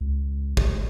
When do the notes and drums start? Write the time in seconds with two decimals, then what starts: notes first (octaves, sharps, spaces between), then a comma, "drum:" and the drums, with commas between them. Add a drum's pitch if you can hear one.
0.01 C#2
0.57 drum: kick